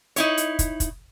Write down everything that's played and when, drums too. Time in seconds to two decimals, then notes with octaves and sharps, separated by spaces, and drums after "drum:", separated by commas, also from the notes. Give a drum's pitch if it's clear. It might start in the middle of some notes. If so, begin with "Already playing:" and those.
0.16 D#4 E4 C#5, drum: hi-hat
0.38 drum: hi-hat
0.59 drum: kick, hi-hat
0.80 drum: kick, hi-hat